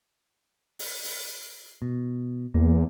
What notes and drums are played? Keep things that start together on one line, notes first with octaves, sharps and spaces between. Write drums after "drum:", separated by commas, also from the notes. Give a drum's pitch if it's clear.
drum: open hi-hat
drum: open hi-hat
B2
E2 A#3